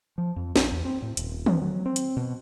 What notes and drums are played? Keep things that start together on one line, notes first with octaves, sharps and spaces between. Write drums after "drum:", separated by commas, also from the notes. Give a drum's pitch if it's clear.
F3
F2
A#1, drum: snare
E2
C4
A2
D#1, drum: hi-hat
C4, drum: tom
F#3
C4
drum: hi-hat
B2